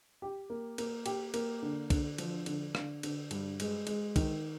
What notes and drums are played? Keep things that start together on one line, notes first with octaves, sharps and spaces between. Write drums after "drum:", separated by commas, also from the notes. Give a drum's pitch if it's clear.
G4
A#3
A#3, drum: cymbal
G4, drum: cymbal
A#3, drum: cymbal
D3
D3, drum: kick, cymbal
F3, drum: cymbal
D3, drum: cymbal
D3, drum: rim click
D3, drum: cymbal
G2, drum: cymbal
G#3, drum: cymbal
G#3, drum: cymbal
D#3, drum: kick, cymbal